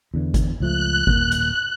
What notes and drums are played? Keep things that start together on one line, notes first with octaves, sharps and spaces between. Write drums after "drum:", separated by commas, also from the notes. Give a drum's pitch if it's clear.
E2 D3 E3
drum: kick G1, hi-hat
C#2 F3 A3 F#6
D#1 A#3, drum: kick G1
drum: hi-hat